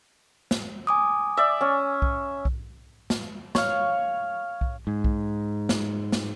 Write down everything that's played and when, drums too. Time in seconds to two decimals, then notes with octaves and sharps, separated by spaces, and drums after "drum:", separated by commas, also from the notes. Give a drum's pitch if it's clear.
0.51 drum: snare
0.87 G#5 D6 D#6
1.37 D5 E5
1.61 C#4
2.02 drum: kick B1
2.45 drum: kick B1
3.10 drum: snare
3.55 C#5 F5, drum: snare
4.61 drum: kick B1
4.87 G#2
5.04 drum: kick B1
5.69 drum: snare
6.12 drum: snare